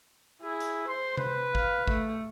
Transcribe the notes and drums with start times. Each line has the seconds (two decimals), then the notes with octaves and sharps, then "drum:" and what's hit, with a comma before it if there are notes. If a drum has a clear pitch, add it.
0.42 E4 G#4
0.60 drum: hi-hat
0.88 C5 C6
1.17 B4, drum: tom C3
1.55 F5, drum: kick G#1
1.88 A3, drum: kick G#1